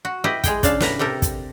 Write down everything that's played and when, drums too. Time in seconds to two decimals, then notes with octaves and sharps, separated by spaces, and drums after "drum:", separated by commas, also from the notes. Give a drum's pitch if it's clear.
0.05 F#4
0.24 E4 G4 B4 D#5
0.44 G#3 G#4 G5, drum: kick, hi-hat
0.63 C#3 D4 F5 A5, drum: kick, hi-hat
0.80 A2 B4 A#5, drum: snare
0.99 C3 G4 A4 A#4
1.22 drum: kick, hi-hat